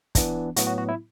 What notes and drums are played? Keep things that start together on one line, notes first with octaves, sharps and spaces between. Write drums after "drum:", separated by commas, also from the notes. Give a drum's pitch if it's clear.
E3 B3 D4, drum: kick, hi-hat
A2 F#3 B3 F#4, drum: hi-hat
F#4
F#4
E4